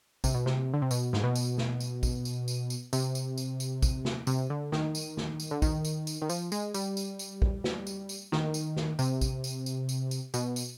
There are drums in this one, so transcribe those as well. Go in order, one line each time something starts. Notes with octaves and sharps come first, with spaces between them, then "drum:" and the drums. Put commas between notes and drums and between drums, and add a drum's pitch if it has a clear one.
C3, drum: kick, tambourine
B2
C3, drum: snare
D3
C3
B2, drum: tambourine
G#2, drum: snare
B2
drum: tambourine
drum: snare
drum: tambourine
drum: kick, tambourine
drum: tambourine
drum: tambourine
drum: tambourine
C3, drum: tambourine
drum: tambourine
drum: tambourine
drum: tambourine
drum: kick, tambourine
drum: snare
C3, drum: tambourine
D3
D#3, drum: snare
drum: tambourine
drum: snare
drum: tambourine
D3
D#3, drum: kick, tambourine
drum: tambourine
drum: tambourine
D#3
F3, drum: tambourine
G#3, drum: tambourine
G3, drum: tambourine
drum: tambourine
drum: tambourine
drum: kick
drum: snare
drum: tambourine
drum: tambourine
D#3, drum: snare
drum: tambourine
drum: snare
C3, drum: tambourine
drum: kick, tambourine
drum: tambourine
drum: tambourine
drum: tambourine
drum: tambourine
B2, drum: tambourine
drum: tambourine